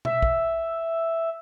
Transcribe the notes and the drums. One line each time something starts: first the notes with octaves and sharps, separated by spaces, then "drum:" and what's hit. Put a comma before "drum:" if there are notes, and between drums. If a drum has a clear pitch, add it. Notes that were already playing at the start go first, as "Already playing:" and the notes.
E5, drum: tom B2
drum: kick